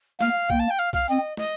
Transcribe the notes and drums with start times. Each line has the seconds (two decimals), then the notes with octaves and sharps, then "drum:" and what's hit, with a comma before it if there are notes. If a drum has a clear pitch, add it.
0.20 A#3 F5, drum: snare
0.50 A#3 G5, drum: kick B1
0.59 A5
0.70 G5
0.79 F5
0.93 F5, drum: kick B1
1.09 C4 D#5
1.37 D#5, drum: snare